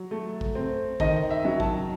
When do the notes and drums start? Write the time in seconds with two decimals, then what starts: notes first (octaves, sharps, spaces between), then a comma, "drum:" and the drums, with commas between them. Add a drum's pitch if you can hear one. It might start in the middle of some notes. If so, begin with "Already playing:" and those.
Already playing: F#3
0.11 A3
0.41 drum: kick A1
0.55 C4
1.00 D#3 D#5, drum: kick A1
1.30 E5
1.45 F#3
1.60 A5, drum: kick A1